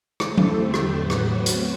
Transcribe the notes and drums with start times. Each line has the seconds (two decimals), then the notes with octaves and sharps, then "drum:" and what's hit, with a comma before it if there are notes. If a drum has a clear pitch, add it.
0.20 A3 E4 A4 C5, drum: rim click
0.38 drum: tom F#3
0.56 E2 D3 A3 C4 G4
0.74 drum: rim click
0.92 A2 F#3 B3 F#4 B4
1.10 drum: rim click
1.28 F#3 A3 C4 F#4
1.46 drum: hi-hat